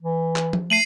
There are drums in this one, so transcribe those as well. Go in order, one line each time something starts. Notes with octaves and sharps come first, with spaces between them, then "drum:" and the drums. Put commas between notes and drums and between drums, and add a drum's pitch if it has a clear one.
E3
drum: clap
drum: tom F3
A3 C7 D#7 F#7